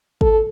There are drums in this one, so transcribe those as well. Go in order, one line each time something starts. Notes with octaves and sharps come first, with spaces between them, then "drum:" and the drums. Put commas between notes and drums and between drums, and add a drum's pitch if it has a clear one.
A4, drum: kick